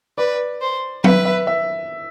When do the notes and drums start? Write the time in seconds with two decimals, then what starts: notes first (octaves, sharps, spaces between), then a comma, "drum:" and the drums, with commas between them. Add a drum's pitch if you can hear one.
0.18 B4 D5
0.61 C5
1.04 B4 E5, drum: tom F#3
1.25 E5
1.47 E5